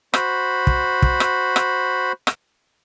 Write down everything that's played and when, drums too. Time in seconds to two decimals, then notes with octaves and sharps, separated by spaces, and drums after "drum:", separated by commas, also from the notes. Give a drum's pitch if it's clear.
0.14 F#4 C5 B5, drum: rim click
0.67 drum: kick
1.02 drum: kick
1.20 drum: rim click
1.56 drum: rim click
2.27 drum: rim click